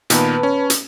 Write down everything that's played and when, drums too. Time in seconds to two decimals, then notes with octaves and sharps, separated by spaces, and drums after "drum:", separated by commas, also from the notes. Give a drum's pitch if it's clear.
0.10 A#2 D#3 B3 B4 A5 B5, drum: hi-hat
0.43 C#4
0.70 drum: hi-hat